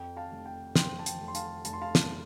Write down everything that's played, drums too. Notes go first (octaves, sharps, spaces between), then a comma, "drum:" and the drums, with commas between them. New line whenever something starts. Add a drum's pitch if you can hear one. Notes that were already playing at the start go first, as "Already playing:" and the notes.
Already playing: F2 G5
F5 A5
F1
G5
F3 G5 C6, drum: snare
A5
G5, drum: hi-hat
F1
C6
F5 A5, drum: hi-hat
F1 A5, drum: hi-hat
C6
F5 A5
drum: snare